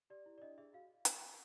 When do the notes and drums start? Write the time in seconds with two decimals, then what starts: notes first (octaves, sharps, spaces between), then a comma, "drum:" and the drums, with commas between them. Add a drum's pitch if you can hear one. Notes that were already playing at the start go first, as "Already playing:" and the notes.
0.10 G4 D5
0.26 E4
0.38 D5
0.42 D4 D#5
0.58 G#4 E5
0.73 F#4 F5
1.05 drum: hi-hat